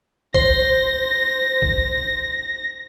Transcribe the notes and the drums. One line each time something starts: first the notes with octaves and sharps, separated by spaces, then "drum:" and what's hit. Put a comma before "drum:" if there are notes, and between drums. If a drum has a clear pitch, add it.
C5 A#6, drum: kick
drum: kick